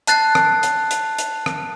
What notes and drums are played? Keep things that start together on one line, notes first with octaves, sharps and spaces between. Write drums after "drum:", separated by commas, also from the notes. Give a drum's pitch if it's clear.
A5 F#6 A6 C7, drum: hi-hat
drum: rim click
drum: hi-hat
drum: hi-hat
drum: hi-hat
drum: rim click